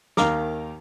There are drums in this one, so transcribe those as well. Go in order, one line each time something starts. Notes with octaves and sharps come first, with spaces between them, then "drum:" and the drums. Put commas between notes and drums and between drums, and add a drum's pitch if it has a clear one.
D#2 D#3 F5 A#5 D6, drum: snare